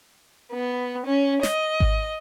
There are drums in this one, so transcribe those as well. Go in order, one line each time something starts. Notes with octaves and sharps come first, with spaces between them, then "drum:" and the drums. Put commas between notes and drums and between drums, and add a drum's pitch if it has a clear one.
B3
C#4
D#5, drum: snare
drum: kick G#1